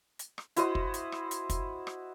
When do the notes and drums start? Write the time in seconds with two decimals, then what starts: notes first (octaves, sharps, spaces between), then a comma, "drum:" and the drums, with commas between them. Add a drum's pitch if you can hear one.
0.19 drum: hi-hat
0.38 drum: rim click
0.56 E4 F#4 C5 D#5, drum: hi-hat
0.75 drum: kick
0.94 drum: hi-hat
1.12 drum: rim click
1.31 drum: hi-hat
1.50 drum: kick, hi-hat
1.87 drum: rim click